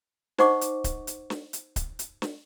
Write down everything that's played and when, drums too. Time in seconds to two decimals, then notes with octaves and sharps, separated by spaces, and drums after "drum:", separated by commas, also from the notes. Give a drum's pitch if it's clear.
0.38 D#4 C5 D#5 F#5 C#6 D6, drum: snare
0.61 drum: hi-hat
0.84 drum: kick D1, hi-hat
1.07 drum: hi-hat
1.30 drum: snare
1.53 drum: hi-hat
1.76 drum: kick D1, hi-hat
1.99 drum: hi-hat
2.22 drum: snare